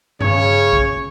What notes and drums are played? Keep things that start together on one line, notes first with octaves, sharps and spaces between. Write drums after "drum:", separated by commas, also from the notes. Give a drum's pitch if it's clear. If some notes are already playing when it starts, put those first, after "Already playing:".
C#3 C#5, drum: tom G2
drum: kick A#1